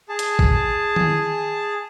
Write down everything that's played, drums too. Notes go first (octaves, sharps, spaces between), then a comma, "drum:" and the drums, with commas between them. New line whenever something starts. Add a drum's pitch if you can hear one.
G#4 A5
drum: hi-hat
drum: kick
drum: tom D#3